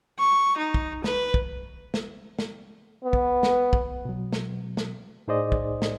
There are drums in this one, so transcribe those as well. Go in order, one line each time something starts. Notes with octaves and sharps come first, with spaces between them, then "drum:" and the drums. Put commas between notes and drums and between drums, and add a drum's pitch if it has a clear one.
C#6
D#4
drum: kick
B4, drum: snare
drum: kick
drum: snare
drum: snare
B3
drum: kick
drum: snare
drum: kick
B2 F#3
drum: snare
drum: snare
A2 D#4 G#4 C5 D5 D#5
drum: kick
drum: snare